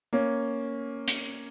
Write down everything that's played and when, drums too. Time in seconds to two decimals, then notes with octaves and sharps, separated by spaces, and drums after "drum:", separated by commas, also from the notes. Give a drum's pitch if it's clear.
0.13 A#3 C#4
1.08 drum: hi-hat